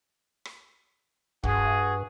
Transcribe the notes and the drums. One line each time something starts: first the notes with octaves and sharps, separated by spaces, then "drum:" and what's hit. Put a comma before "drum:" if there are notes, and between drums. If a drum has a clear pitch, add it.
drum: rim click
G2 F#4 G#4, drum: kick